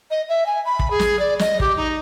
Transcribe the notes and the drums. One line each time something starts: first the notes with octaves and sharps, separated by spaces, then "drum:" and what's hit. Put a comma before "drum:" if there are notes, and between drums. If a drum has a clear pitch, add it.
D#5
E5
G#5
B5
drum: kick
G#4
drum: snare
D5
D#5, drum: snare
G4, drum: kick
D#4